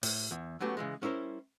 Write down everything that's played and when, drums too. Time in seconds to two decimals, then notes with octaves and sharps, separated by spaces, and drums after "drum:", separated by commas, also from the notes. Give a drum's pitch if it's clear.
0.03 A2, drum: open hi-hat
0.31 E2
0.60 F#3 A3 B3 C#4 F#4 G4
0.77 C#3 E3 G#3
1.02 G3 C#4 E4 A#4 C5